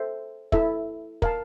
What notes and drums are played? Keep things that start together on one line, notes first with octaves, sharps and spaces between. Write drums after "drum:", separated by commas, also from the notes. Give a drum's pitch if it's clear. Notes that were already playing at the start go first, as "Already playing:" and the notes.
Already playing: A4 C5 E5
E4 A4 E5, drum: kick
A#4 F5 A5, drum: kick